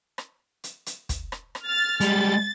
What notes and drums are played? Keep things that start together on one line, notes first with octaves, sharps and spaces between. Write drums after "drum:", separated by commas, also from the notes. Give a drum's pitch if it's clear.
drum: rim click
drum: hi-hat
drum: hi-hat
drum: kick, hi-hat
drum: rim click
drum: rim click
F6 A6
G3 G#3 A6, drum: hi-hat